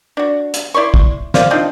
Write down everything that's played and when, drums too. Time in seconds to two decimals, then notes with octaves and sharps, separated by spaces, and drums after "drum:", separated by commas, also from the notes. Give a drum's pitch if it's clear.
0.17 D4 F#4
0.54 drum: hi-hat
0.74 E4 D5 C6 C#6
0.94 drum: kick
1.34 A#3 C5 D5 F5, drum: snare
1.51 C4 D4 D#4 F4